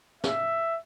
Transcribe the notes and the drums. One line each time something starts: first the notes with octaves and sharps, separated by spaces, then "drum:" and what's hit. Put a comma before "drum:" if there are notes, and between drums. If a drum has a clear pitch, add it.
E5, drum: snare